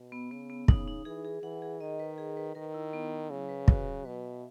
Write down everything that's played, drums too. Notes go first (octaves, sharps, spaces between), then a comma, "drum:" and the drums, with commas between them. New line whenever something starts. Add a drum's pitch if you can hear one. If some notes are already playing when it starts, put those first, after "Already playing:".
Already playing: B2
B3
C#3 B3
B3
C#3 D#4, drum: kick
D#4
E3 G#4
G#4
E3 F#5
G#4
D#3 D#5
B4
G#4
B4
D#3 A#4
E4
B3
E4
C#3 F#3
B4
F#4, drum: kick
F#3
B2 B4
E5